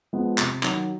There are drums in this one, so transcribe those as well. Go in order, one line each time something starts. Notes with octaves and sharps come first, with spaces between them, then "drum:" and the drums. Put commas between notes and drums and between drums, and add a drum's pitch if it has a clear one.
F3 G#3 B3
C3, drum: clap
D#3 F#3, drum: clap